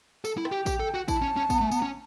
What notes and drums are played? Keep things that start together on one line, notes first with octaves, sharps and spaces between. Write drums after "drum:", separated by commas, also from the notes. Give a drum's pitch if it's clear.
A4, drum: tambourine
E4
G5, drum: rim click
G4
G4, drum: kick, tambourine
A4
F#4
E4 A5, drum: kick, tambourine
C#4
C#4
B3, drum: kick, tambourine
A3
B3, drum: tambourine
C#4